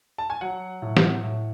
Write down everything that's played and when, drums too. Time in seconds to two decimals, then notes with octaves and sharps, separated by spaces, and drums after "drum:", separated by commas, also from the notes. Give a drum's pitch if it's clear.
0.18 A5
0.30 G#5
0.41 F#3 F#5
0.82 A2
0.97 drum: snare
1.23 A2